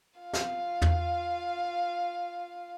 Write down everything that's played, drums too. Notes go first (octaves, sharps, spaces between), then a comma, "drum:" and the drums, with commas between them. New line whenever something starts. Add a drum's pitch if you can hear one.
F4 F5
drum: snare
drum: tom